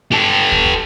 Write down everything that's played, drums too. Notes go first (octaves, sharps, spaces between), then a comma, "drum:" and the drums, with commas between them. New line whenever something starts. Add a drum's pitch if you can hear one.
G4 A4
drum: kick
drum: kick